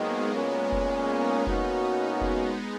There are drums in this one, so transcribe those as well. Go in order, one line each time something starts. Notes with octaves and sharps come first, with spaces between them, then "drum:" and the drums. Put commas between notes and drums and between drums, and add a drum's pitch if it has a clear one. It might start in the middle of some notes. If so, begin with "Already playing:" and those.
Already playing: G#1 G#2 D#3 F#3 G#3 A#3 B3
A#2 G#3 A#3 B3 C#4
drum: kick F1
B3 D#4
B2 A#3 C#4 F#4, drum: kick F1
G#3 B3
drum: kick F1